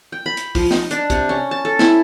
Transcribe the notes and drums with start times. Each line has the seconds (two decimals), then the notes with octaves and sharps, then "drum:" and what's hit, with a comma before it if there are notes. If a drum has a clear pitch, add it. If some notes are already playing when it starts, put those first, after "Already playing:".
0.12 G5
0.26 B5
0.37 drum: hi-hat
0.55 F3, drum: kick, open hi-hat
0.71 D#4, drum: snare
0.91 D4, drum: hi-hat
1.10 C3, drum: kick, hi-hat
1.29 C#4
1.51 A5
1.65 A4
1.79 E4, drum: snare